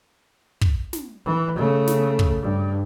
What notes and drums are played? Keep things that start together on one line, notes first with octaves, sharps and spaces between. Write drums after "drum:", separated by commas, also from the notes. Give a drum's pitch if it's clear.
drum: kick
drum: snare
E3
C#3 A3
drum: snare
drum: kick
G2